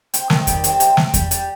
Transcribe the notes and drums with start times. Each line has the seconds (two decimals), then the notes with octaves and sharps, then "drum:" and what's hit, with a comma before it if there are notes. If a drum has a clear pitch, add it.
0.14 C4, drum: hi-hat
0.30 D#3, drum: snare
0.47 G3, drum: kick E2, hi-hat
0.64 C4, drum: hi-hat
0.80 C3, drum: hi-hat
0.97 C4, drum: snare
1.14 G3, drum: kick E2, hi-hat
1.31 G3, drum: hi-hat